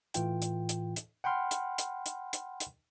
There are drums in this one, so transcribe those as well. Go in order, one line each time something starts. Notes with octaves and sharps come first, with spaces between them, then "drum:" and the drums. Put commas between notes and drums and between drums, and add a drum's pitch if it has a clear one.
A2 E3 F4 G5, drum: hi-hat
drum: hi-hat
drum: hi-hat
drum: hi-hat
F#5 G5 B5 C6 F6
drum: hi-hat
drum: hi-hat
drum: hi-hat
drum: hi-hat
drum: hi-hat